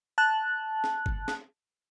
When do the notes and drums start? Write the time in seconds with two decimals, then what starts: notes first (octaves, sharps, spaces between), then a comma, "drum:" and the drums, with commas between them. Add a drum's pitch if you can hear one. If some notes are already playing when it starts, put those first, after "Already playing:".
0.18 A5 F#6
0.84 drum: snare
1.06 drum: kick G1
1.28 drum: snare